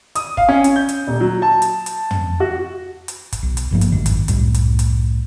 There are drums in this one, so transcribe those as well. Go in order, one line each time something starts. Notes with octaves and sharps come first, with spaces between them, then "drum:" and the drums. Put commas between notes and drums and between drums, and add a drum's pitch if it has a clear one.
D#6, drum: hi-hat
F5, drum: kick G1
C#4
drum: hi-hat
G6
drum: hi-hat
D#1
F#3
A5
drum: hi-hat
drum: hi-hat
drum: tom
F#4
drum: hi-hat
drum: kick G1, hi-hat
B1
drum: hi-hat
G#1 G2 F3 A#3
drum: hi-hat
G#1 F#2 D#3
drum: kick G1, hi-hat
C2 F#2 A2 G3, drum: hi-hat
drum: hi-hat
drum: hi-hat